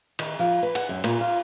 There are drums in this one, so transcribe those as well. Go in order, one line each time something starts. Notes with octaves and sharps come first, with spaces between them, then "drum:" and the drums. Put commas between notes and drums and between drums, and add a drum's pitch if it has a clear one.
D#3, drum: cymbal
F3
B4
F#5, drum: cymbal
F#2
A#2, drum: cymbal
F4